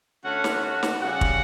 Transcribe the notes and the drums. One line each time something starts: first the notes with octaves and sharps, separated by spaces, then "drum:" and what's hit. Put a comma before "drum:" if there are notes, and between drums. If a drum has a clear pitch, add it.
D3 A3 C#4 F#4 F#5
drum: snare
F#4 F#5
drum: snare
C#3 G3 C#4 F#4 F#5
drum: kick